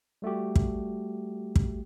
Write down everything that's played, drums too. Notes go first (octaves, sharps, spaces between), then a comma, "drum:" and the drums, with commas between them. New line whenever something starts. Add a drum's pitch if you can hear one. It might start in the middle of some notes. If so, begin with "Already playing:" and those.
G3 A3 F#4 G4
drum: kick
drum: kick